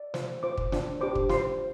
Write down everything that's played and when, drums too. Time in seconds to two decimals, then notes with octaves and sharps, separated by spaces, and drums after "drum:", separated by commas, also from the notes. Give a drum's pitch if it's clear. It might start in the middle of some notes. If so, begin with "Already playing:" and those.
Already playing: D5
0.14 F4 C5, drum: snare
0.43 F4 C5 D6
0.58 drum: kick
0.72 D4 F4 C5, drum: snare
1.01 D4 G4 C5 D6
1.15 drum: kick
1.29 F4 C5 C6, drum: snare